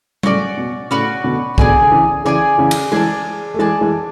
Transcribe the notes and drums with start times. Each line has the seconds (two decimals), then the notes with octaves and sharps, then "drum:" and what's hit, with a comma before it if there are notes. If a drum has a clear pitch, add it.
0.23 A2 C#3 C#4 F#4 B4 D5, drum: tom G3
0.57 B2
0.91 A2 C#3 C#4 F#4 B4 D5
1.24 B2 D3
1.58 B2 D3 G#4 D5 G#5, drum: kick C2
1.81 D3
1.92 C#3 E3
2.25 C#3 E3 G#4 D5 G#5
2.58 C#3 E3
2.71 drum: cymbal
2.92 E3 G#3 G#4 D5 A5
3.54 A3
3.59 E3 G#3 G#4 D5 A5
3.81 E3 G#3